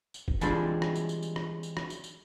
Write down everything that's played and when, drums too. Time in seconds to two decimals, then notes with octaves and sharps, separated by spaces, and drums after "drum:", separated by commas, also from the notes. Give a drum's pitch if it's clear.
0.14 drum: tambourine
0.28 drum: kick
0.41 E3 G3 G#3 C4 D4 F4, drum: tambourine
0.82 drum: rim click
0.95 drum: tambourine
1.09 drum: tambourine
1.23 drum: tambourine
1.36 drum: rim click
1.63 drum: tambourine
1.77 drum: rim click
1.90 drum: tambourine
2.04 drum: tambourine